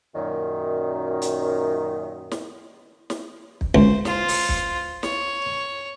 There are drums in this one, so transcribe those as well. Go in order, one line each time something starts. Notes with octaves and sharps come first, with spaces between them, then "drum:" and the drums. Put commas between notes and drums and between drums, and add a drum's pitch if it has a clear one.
F#2 A#2 D#3
drum: hi-hat
drum: snare
drum: snare
drum: kick
C#2 C5, drum: kick
F4 C5, drum: snare
drum: open hi-hat
drum: kick
C#5, drum: snare